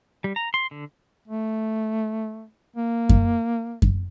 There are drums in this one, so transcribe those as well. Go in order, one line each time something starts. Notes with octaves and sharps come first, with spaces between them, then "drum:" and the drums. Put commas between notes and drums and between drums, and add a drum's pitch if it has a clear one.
G3
A#5
C6
D3
A3
A#3
drum: kick F#2
drum: kick F#2